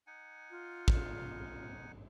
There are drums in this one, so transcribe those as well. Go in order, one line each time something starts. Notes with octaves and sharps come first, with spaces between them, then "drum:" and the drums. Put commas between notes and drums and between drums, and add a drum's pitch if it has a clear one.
D#4 F#5 G#5
F4
drum: kick